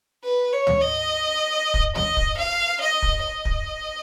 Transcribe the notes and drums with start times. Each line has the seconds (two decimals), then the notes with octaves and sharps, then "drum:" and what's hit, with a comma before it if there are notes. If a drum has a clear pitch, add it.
0.24 B4
0.53 C#5
0.67 drum: tom
0.81 D#5
1.74 drum: kick
1.96 D#5, drum: tom
2.17 drum: kick
2.38 F5
2.81 D#5
3.02 drum: kick
3.24 D#5
3.45 drum: kick